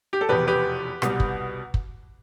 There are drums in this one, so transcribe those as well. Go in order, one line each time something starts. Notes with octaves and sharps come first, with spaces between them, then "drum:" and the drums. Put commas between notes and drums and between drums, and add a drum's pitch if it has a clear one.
G4
A4
F1 E2 B2 G4 B4
G4 B4
C2 B2 G3, drum: rim click
drum: kick
drum: kick